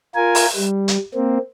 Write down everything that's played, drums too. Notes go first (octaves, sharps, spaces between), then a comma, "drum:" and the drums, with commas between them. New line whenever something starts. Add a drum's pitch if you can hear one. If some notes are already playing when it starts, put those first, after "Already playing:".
F4 A#4 G#5
drum: open hi-hat
G3
drum: hi-hat
A#3 C4